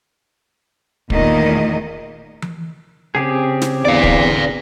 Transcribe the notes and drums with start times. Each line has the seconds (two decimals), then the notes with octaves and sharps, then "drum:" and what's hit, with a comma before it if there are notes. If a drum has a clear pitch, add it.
1.10 E2 A#2 D#3 A3 A#3 D#5, drum: kick
2.42 drum: tom E3
3.15 C#3 C4 G4 G#4
3.62 drum: snare
3.85 E2 D3 B3 D5 F5
4.04 drum: kick